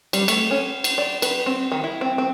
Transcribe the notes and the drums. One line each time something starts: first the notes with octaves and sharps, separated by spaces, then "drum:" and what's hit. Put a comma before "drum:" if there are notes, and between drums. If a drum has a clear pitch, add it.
G3, drum: cymbal
A3, drum: cymbal
C#4
drum: cymbal
D5
B4, drum: cymbal
C4
D#3
E4
C4
C4